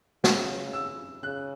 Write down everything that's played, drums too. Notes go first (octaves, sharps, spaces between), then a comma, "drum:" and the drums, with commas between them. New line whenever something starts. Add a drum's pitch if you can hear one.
C#3, drum: snare
E6
C#3 F#6